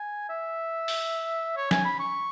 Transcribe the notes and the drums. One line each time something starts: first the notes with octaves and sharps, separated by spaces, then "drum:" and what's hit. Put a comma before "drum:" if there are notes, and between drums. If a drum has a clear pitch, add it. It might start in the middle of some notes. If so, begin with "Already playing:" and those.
Already playing: G#5
E5
drum: open hi-hat
C#5
G#5, drum: snare
B5
C#6